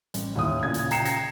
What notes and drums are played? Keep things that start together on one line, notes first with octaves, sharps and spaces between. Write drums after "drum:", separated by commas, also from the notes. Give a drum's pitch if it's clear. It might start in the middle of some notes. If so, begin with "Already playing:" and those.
A1, drum: hi-hat
D#2 A2 D#6
A#2 C#3 G#6
drum: hi-hat
G5 A#5 C7 C#7 E7, drum: hi-hat
G#6 A#6, drum: hi-hat